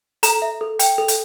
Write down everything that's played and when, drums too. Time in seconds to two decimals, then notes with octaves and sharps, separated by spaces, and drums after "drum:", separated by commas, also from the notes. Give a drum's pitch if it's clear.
0.23 A4 A#5, drum: hi-hat
0.42 E5
0.61 A4
0.79 G5, drum: hi-hat
0.98 A4
1.08 drum: hi-hat